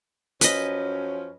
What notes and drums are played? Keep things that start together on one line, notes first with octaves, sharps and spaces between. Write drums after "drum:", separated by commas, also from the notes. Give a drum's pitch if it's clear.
F#2 F3 C#4 B4 D#5, drum: hi-hat